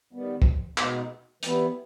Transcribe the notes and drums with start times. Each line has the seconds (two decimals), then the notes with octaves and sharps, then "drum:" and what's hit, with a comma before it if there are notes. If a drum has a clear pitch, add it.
0.13 D#3 G3 B3
0.42 drum: kick
0.78 B2 G#3 B3 D#4, drum: clap
1.43 E3 G3 B3 E4, drum: hi-hat